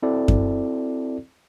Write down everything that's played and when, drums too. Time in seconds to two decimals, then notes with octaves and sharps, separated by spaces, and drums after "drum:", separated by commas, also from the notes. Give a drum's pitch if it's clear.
0.03 C4 E4 F#4 A4 D5
0.28 drum: kick F#2